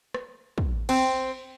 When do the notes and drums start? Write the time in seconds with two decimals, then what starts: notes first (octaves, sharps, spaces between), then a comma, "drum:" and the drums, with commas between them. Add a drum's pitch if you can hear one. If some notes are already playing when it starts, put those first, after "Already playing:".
0.14 drum: rim click
0.58 drum: kick
0.89 C4, drum: cymbal